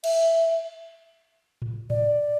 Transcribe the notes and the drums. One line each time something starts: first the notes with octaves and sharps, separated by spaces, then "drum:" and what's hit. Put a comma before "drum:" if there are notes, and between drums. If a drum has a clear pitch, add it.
E5, drum: cymbal
drum: tom A2
D5, drum: tom A2